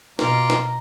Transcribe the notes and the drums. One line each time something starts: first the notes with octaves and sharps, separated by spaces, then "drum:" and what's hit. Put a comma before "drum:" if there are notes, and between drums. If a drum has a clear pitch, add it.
B2 F4 D5 A#5, drum: snare
drum: snare